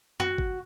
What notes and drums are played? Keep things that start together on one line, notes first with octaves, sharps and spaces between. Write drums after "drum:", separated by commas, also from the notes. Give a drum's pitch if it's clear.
F#4, drum: tom F#2
drum: kick G1